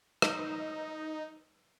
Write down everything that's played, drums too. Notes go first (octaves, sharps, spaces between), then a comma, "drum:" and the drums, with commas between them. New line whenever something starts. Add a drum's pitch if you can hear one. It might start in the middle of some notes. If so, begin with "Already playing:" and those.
D#4, drum: rim click